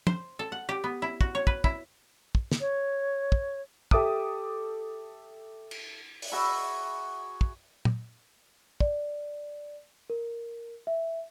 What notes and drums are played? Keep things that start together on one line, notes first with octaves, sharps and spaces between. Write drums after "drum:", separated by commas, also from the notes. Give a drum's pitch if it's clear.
C5, drum: tom
A4
F#5
G4
B3
E4
F#4, drum: kick
C#5
B4, drum: kick
E4, drum: kick
drum: kick
drum: snare
C#5
drum: kick
G4 A4 E5 D6 D#6, drum: kick
drum: cymbal
drum: open hi-hat
F#4 G#4 E5 B5
drum: kick
drum: tom
D5, drum: kick
A#4
E5